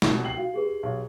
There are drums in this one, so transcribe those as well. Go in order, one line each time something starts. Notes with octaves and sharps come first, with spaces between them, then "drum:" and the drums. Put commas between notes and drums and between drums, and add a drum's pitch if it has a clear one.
C2 B2, drum: snare
G5 C7 F#7
F#4 F5
G4 G#4 B4
B1